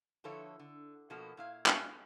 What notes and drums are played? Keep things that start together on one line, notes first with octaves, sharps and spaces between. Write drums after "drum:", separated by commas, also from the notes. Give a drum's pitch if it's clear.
D3 F3 E4 A4 B4 C#5
D3
B2 F3 A#3 B3 F#4 A4
A#2 E4 F5
drum: clap